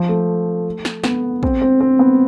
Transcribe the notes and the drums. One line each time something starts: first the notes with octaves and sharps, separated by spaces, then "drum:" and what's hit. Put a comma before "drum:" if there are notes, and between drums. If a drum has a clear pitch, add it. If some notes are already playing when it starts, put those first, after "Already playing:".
Already playing: F3
A3
drum: snare
B3, drum: snare
C4, drum: kick
C4
C4
B3